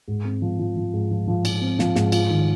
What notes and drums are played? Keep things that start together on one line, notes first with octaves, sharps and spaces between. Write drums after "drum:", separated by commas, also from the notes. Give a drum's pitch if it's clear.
G#2
C4
F3
F3
F3
G#2
F3
F3
F3, drum: cymbal
C4
F3, drum: snare
G#2, drum: snare
F4, drum: cymbal
D#3